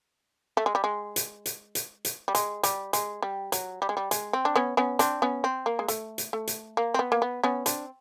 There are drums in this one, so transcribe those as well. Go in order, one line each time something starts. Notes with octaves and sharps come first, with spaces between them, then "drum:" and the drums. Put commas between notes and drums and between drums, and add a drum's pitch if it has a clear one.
A3
G#3
G3
G#3
drum: hi-hat
drum: hi-hat
drum: hi-hat
drum: hi-hat
G3
G#3, drum: hi-hat
G3, drum: hi-hat
G#3, drum: hi-hat
G3
F#3, drum: hi-hat
G3
G#3
G3
G#3, drum: hi-hat
C4
D4
B3 C#4
B3 C#4
C4 D4, drum: hi-hat
B3 C#4
C4
A#3
G#3
A3, drum: hi-hat
drum: hi-hat
A3
drum: hi-hat
A#3
C4
B3
A#3
B3
B3 C#4
C4 D4, drum: hi-hat